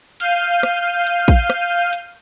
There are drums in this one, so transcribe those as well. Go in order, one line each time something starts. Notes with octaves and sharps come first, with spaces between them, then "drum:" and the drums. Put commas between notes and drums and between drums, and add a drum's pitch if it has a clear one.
F5 G6 D#7, drum: hi-hat
drum: rim click
drum: hi-hat
drum: kick
drum: rim click
drum: hi-hat